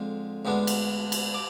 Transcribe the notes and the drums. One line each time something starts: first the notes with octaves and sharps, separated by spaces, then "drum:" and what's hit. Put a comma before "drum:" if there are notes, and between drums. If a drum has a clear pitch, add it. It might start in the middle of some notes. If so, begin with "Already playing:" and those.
Already playing: F2 D3 G#3
D2 D3 G#3 B3 D4
drum: cymbal
drum: cymbal
D6